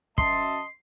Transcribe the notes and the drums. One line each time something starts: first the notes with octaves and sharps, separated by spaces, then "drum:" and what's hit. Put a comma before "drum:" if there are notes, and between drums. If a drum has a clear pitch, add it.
F#2 D#5 E5 A5 C6 C7, drum: kick